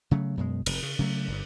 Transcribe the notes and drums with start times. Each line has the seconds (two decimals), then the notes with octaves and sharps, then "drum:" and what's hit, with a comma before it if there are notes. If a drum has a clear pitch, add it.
0.11 C#3 F#3 A3
0.37 F#2 B2 G#3
0.66 F1, drum: cymbal
0.83 C#3
0.99 C#3 F#3 A3
1.28 G1 G2